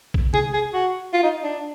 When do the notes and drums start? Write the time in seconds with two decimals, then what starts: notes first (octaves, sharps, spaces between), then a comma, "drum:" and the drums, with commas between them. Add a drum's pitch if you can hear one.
0.14 drum: kick A#1
0.34 G#4, drum: tom C3
0.53 G#4
0.73 F#4
1.13 F4
1.23 D#4
1.43 D4